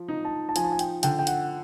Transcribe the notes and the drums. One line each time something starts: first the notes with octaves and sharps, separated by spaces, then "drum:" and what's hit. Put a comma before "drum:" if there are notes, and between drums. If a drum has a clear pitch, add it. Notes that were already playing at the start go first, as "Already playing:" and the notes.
Already playing: F3
D#4
A5
A5
F3 G#5, drum: hi-hat
A5
G#5
G5, drum: hi-hat
D3 G5, drum: hi-hat
G5
F#5, drum: hi-hat